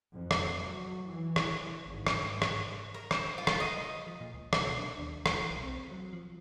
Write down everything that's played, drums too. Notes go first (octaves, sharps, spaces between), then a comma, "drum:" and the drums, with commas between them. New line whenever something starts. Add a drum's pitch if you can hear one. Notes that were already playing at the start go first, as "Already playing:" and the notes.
F2
drum: rim click
F#3
E3
drum: rim click
G#1
drum: rim click
G#2
drum: rim click
A#4
C5, drum: rim click
F4
drum: rim click
D#5
F3
A#2
C#2
drum: rim click
B2
D4
D#2
E3, drum: rim click
E3
B1
C4
F#3
F3